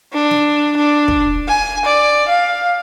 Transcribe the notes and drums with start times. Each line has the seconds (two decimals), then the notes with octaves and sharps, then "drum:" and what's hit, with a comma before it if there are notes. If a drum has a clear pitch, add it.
0.13 D4
0.31 drum: snare
0.77 D4
1.08 drum: kick
1.48 G#5
1.85 D5
2.28 F5